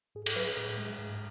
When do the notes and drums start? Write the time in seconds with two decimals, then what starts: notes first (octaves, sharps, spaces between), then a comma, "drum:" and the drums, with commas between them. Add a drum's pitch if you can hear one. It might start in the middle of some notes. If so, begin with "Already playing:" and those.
0.15 G#2 G#4
0.26 A4, drum: cymbal
0.36 F#3 B4
0.46 G#4
0.57 A2
0.77 G#3
0.98 G#2